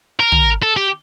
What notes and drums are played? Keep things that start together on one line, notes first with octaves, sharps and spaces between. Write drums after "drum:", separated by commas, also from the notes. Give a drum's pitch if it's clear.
A#4
drum: tom
A4
G4